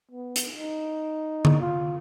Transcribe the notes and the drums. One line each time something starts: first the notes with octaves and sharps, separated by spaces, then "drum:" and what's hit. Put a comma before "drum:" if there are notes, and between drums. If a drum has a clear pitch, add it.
B3
drum: hi-hat
D#4
drum: tom D3
F4